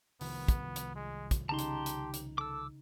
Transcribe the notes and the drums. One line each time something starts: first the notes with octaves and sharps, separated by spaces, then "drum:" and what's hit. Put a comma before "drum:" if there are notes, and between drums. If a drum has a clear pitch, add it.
C2 D#3 F3 B3, drum: open hi-hat
drum: kick, hi-hat
drum: hi-hat
G#3
drum: kick, hi-hat
C#3 D#4 G4 A5 A#5 C6
drum: hi-hat
drum: hi-hat
drum: hi-hat
A4 D6 E6